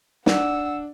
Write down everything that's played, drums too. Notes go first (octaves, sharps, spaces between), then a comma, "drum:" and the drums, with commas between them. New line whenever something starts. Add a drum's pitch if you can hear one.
D4 F#5 E6, drum: snare